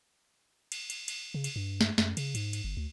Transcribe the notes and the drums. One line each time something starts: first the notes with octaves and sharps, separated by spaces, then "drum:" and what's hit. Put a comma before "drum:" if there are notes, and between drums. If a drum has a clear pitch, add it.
drum: cymbal
drum: cymbal
drum: cymbal
C#3
drum: cymbal
G2
drum: snare
F#2, drum: snare
C#3, drum: cymbal
G#2, drum: cymbal
drum: cymbal
G1
D2